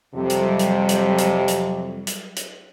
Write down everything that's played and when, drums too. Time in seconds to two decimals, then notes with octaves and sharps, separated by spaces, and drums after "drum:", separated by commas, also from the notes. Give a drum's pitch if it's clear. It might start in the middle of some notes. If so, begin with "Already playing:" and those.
0.15 F2 C3 F#3 G3
0.30 drum: hi-hat
0.59 drum: hi-hat
0.89 drum: hi-hat
1.18 drum: hi-hat
1.48 drum: hi-hat
2.07 drum: hi-hat
2.36 drum: hi-hat